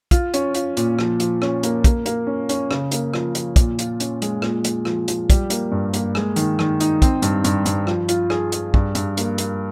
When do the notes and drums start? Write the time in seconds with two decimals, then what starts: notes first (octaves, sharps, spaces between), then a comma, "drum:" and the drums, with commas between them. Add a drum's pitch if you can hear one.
0.11 F4, drum: kick, hi-hat
0.34 C#4, drum: hi-hat
0.54 F4, drum: hi-hat
0.77 A#2, drum: hi-hat
0.99 F3, drum: rim click
1.20 F3, drum: hi-hat
1.42 C#4, drum: rim click
1.63 A#3, drum: hi-hat
1.84 A#3, drum: kick, hi-hat
2.06 A#3, drum: hi-hat
2.27 C#4
2.49 C#4, drum: hi-hat
2.71 C#3, drum: rim click
2.91 A#3, drum: hi-hat
3.14 F3, drum: rim click
3.35 F3, drum: hi-hat
3.56 A#2, drum: kick, hi-hat
3.79 F4, drum: hi-hat
4.00 C#4, drum: hi-hat
4.22 G#3, drum: hi-hat
4.42 A#2, drum: rim click
4.64 G#3, drum: hi-hat
4.85 F3, drum: rim click
5.08 F3, drum: hi-hat
5.30 G3, drum: kick, hi-hat
5.50 A#3, drum: hi-hat
5.72 G2
5.93 A#3, drum: hi-hat
6.15 G#3, drum: rim click
6.36 D#3, drum: hi-hat
6.59 D#3, drum: rim click
6.80 D#4, drum: hi-hat
7.02 C4, drum: kick, hi-hat
7.22 G2, drum: hi-hat
7.44 G2, drum: hi-hat
7.66 G2, drum: hi-hat
7.87 F3, drum: rim click
8.09 F4, drum: hi-hat
8.30 G#4, drum: rim click
8.52 G#4, drum: hi-hat
8.74 G2, drum: kick
8.95 G2, drum: hi-hat
9.17 A#3, drum: hi-hat
9.38 A#3, drum: hi-hat